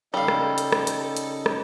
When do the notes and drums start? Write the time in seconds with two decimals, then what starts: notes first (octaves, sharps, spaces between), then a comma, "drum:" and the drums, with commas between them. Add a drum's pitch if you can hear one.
0.14 C#3 G3 D#4 A4 F5
0.28 drum: rim click
0.58 drum: hi-hat
0.72 drum: rim click
0.87 drum: hi-hat
1.17 drum: hi-hat
1.46 drum: rim click